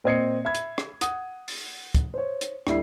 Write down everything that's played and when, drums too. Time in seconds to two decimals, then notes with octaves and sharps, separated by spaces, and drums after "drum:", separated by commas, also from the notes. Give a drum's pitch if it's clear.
0.04 A#2 C4 D#5 G#6 C7 C#7
0.45 E5 B5 G#6
0.55 drum: hi-hat
0.78 drum: rim click
1.01 F#5 D#6, drum: hi-hat
1.48 drum: open hi-hat
1.95 drum: kick, hi-hat
2.14 C5 C#5
2.41 drum: hi-hat
2.67 D2 G3 E4 C7, drum: rim click